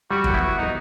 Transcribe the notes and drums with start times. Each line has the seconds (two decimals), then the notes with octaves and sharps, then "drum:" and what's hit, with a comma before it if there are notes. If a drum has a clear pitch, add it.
0.11 G3 F#4 G4
0.24 drum: kick G1
0.34 B3 E4
0.58 D#4